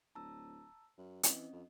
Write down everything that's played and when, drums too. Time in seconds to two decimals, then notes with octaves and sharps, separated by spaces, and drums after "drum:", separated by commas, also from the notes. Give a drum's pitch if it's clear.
0.15 D1 A5 A#5 E6
0.98 F#2
1.23 E3 C4 C#4 D#5, drum: hi-hat
1.53 F2